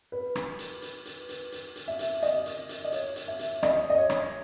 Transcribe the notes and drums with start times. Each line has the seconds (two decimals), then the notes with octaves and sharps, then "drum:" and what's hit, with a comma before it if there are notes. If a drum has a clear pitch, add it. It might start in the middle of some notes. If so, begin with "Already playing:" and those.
0.12 B4
0.35 drum: rim click
0.59 drum: hi-hat
0.82 drum: hi-hat
1.06 drum: hi-hat
1.29 drum: hi-hat
1.52 drum: hi-hat
1.76 drum: hi-hat
1.88 E5
1.99 drum: hi-hat
2.23 D#5, drum: hi-hat
2.46 drum: hi-hat
2.69 drum: hi-hat
2.84 D#5
2.92 C#5, drum: hi-hat
3.16 drum: hi-hat
3.28 E5
3.39 drum: hi-hat
3.63 D#5, drum: rim click
3.90 D#5
3.98 C#5
4.09 drum: rim click